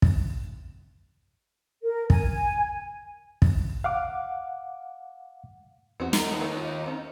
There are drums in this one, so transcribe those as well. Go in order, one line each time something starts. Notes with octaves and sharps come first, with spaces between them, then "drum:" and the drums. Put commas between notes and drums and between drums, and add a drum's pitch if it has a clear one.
drum: kick
A#4
G#5, drum: kick
drum: kick
F5 F#5 D6
E2 B3 C4 F#4
D2 D#4 A#5, drum: snare
D#2 A3 B3
D#3 A3 B4
F4
D#3 C4 C#4